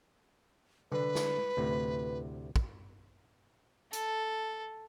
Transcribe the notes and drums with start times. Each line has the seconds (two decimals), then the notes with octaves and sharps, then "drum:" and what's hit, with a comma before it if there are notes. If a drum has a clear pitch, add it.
0.92 D3 B4, drum: tom C3
1.15 drum: snare
1.57 D2 A2 C3
2.56 drum: kick
3.93 A4, drum: hi-hat